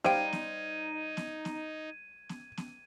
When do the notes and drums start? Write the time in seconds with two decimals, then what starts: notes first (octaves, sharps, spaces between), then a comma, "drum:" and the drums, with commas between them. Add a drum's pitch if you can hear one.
0.04 G3 D#4 C5 F5 G5 G#6 D#7, drum: snare B3
0.33 drum: snare B3
1.17 drum: snare B3
1.45 drum: snare B3
2.29 drum: snare B3
2.57 drum: snare B3